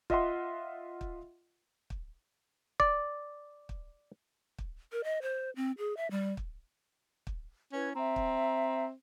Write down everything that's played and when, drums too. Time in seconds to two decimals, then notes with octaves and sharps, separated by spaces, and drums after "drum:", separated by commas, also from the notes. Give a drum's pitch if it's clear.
0.10 F4 D#5 E5 F#5 C6, drum: kick
1.01 drum: kick
1.90 drum: kick
2.80 D5, drum: kick
3.69 drum: kick
4.58 drum: kick
4.92 A#4
5.04 D#5
5.22 C5
5.56 C4
5.78 G#4
5.97 E5
6.11 G3
6.37 drum: kick
7.27 drum: kick
7.73 C#4 E4 B4 G#6
7.95 C4 E5 A#5
8.16 drum: kick